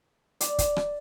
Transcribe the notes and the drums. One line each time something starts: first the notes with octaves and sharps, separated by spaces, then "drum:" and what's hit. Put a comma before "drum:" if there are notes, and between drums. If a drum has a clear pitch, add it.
D5, drum: hi-hat
drum: kick, hi-hat
drum: rim click